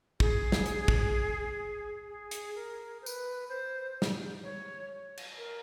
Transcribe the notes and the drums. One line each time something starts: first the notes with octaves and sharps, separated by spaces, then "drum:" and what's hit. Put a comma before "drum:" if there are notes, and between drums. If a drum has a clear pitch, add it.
G#4, drum: kick
drum: snare
drum: hi-hat
drum: kick
G#4
drum: hi-hat
A#4
C5
B4, drum: tambourine
C5
drum: snare
C#5
drum: cymbal
A#4